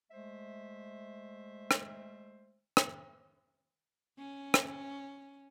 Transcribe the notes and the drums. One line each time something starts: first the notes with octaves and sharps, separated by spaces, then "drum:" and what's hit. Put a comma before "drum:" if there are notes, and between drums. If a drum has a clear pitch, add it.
G#3 A3 C5 E5
drum: rim click
drum: rim click
C#4
drum: rim click